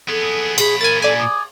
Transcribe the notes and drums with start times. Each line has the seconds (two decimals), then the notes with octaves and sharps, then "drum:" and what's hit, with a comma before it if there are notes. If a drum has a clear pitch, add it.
0.09 B3 G#4 A4
0.58 A#2 G#4 B5, drum: cymbal
0.81 A#4 G#5 A6
1.02 A4 D5 G#5
1.18 D#6